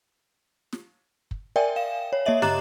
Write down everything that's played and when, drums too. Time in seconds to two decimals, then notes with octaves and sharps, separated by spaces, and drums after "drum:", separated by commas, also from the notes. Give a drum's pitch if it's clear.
0.73 drum: snare
1.31 drum: kick
1.56 A#4 D5 E5 G5 G#5
1.76 F5 E7
2.13 C#5
2.26 A#3 C#5 D#5 E5 F#7
2.42 G4 A#5 D6 F#6 A6 E7, drum: tom